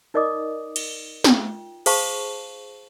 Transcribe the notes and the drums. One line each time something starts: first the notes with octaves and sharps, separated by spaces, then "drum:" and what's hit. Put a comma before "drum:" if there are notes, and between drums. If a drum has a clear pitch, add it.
D#4 A#4 D5 D#5 D6 D#6
drum: cymbal
F4 G5, drum: snare
G#4 C5 F5 A5 C#6, drum: cymbal